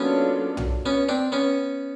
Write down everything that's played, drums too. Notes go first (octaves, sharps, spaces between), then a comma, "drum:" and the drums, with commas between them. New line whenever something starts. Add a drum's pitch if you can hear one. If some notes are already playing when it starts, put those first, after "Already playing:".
Already playing: F#3 A#3 B3 C#4 D4 F4 A4
drum: tom
B3 C#4
C4 D4
B3 C#4